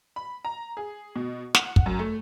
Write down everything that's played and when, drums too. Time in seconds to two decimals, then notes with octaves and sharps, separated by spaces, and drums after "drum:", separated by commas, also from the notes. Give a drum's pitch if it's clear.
0.16 B5
0.45 A#5
0.77 G#4
1.16 B2
1.55 F#5, drum: snare
1.76 drum: kick
1.86 F#2
1.99 A3